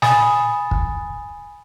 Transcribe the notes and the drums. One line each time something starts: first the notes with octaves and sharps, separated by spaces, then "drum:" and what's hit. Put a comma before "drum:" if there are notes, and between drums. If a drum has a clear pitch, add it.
G#5 B5 D#6 A6, drum: snare
drum: kick